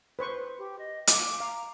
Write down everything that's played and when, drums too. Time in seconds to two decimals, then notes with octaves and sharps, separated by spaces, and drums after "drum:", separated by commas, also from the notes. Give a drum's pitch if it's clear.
0.19 B4 C5 C#6
0.59 G4
0.79 D#5
1.07 F5 D6, drum: hi-hat
1.40 F5 A#5